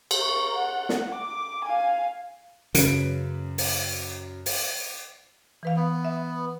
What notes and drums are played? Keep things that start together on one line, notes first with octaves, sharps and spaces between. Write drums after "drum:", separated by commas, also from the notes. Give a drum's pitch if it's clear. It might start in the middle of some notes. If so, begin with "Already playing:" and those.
drum: cymbal
A#4 C#6
F#5
drum: snare
D6
F5 G#5
F#2 C#3 B4, drum: hi-hat
drum: open hi-hat
drum: open hi-hat
E3 B4 F5
B3
E5